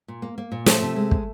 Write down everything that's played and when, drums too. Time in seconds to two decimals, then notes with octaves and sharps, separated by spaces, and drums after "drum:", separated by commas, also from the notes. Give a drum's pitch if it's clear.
0.08 A#2
0.22 A#3
0.38 A#3
0.52 A#2
0.66 F3 A3 A4, drum: snare
0.82 C3
0.96 G#3
1.11 drum: kick